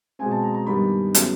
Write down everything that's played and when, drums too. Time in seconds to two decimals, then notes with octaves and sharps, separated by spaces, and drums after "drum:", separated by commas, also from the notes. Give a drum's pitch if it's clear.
0.19 B2 G#3 C4 G#5
0.31 A5
0.43 A#5
0.54 A#5
0.67 G2 D#3 G3 B3 B5
1.15 C#3 F#3 B3, drum: hi-hat